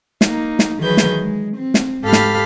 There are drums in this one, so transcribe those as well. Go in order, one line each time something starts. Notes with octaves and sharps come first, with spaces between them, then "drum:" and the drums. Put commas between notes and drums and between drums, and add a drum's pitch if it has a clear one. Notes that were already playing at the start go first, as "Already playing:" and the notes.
A#3 D#4, drum: snare
drum: snare
D#3 E3 F#3 G#4 B4 G6
drum: snare
G#3
C4
drum: snare
G#2 G4 A4 F5 B5 F6
drum: snare